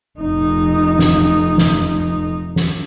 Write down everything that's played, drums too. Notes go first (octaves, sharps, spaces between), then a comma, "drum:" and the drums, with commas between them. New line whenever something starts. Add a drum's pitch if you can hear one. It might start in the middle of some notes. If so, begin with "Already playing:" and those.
F1 D#4
drum: snare
drum: snare
drum: snare